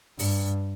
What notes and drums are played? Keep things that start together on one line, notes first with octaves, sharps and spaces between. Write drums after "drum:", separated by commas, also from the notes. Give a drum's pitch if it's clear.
G2, drum: open hi-hat